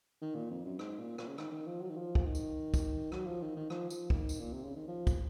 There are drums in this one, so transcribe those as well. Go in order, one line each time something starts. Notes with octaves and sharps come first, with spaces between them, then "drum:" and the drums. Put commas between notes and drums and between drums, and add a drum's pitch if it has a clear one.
D#3
A#2
F2
F#2
G#2, drum: rim click
A#2
A#2, drum: rim click
C#3
D#3, drum: rim click
D#3
F3
F#3
D#3
F3
drum: kick
D#3
drum: tambourine
drum: kick, tambourine
F#3, drum: rim click
F3
D#3
D#3
F3, drum: rim click
F3, drum: tambourine
D#3, drum: kick
drum: tambourine
A#2
C3
C#3
D#3
F3
drum: kick, tambourine